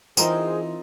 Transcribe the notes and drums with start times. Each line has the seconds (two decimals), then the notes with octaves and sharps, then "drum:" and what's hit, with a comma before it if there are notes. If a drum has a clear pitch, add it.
0.17 E3 C4 D#4 F4 G#4 A#4 C5 D#5, drum: tambourine